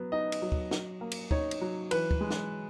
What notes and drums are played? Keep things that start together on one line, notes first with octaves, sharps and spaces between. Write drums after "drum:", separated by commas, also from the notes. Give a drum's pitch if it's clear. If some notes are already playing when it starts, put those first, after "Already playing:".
Already playing: F#3 B3
D#4 D#5
drum: cymbal
F#3
drum: kick
F#3, drum: snare
A#3
drum: cymbal
D#4 C#5, drum: kick
drum: cymbal
F#3
E3 B4, drum: cymbal
drum: kick
G#3
drum: snare